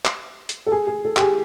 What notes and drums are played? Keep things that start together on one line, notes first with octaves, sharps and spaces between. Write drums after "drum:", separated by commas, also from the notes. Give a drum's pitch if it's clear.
drum: clap
drum: hi-hat
A4
G#4
G#4
A4
G4, drum: clap
G#4